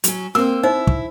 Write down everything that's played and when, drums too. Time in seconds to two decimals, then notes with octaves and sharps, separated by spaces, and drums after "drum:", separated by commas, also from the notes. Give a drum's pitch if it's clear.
0.04 F#3 C#4, drum: hi-hat
0.35 A#3 C4 C5 E6
0.63 D#4 E4 C5
0.87 drum: kick